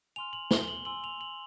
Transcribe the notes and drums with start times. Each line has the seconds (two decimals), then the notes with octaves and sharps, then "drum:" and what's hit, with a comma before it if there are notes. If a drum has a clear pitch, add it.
0.16 G#5 C6 F6 F7
0.33 F#7
0.51 G7, drum: snare
0.68 F#7
0.85 G#5 C6 E6 F#7
1.04 F7
1.21 F#7